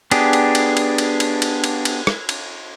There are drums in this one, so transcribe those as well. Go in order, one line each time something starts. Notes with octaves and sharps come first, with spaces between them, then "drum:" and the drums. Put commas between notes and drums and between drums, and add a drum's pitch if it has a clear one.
B3 D4 G4 G#4, drum: cymbal
drum: cymbal
drum: cymbal
drum: cymbal
drum: cymbal
drum: cymbal
drum: cymbal
drum: cymbal
drum: cymbal
drum: rim click
drum: cymbal